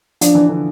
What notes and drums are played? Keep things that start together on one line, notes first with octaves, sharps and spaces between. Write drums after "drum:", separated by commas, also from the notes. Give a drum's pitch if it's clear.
F3 D4, drum: hi-hat
E3
D3